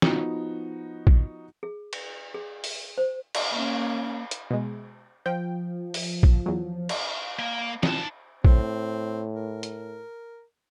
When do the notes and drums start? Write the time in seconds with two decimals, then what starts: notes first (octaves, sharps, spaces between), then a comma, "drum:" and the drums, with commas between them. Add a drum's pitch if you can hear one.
0.02 F3 B3 D#4 F#4, drum: snare
1.07 drum: kick A#1
1.63 G#4
1.93 drum: cymbal
2.34 G#4
2.64 drum: open hi-hat
2.98 C5
3.35 drum: cymbal
3.53 A#3 C#4
4.31 drum: hi-hat
4.51 B2 G#3
5.26 F3 G5
5.94 drum: open hi-hat
6.23 drum: kick A#1
6.46 E2 F#3
6.89 drum: cymbal
7.39 A#3
7.83 D#4 A5, drum: snare
8.45 A2 C4, drum: kick A#1
9.36 A#4
9.63 drum: hi-hat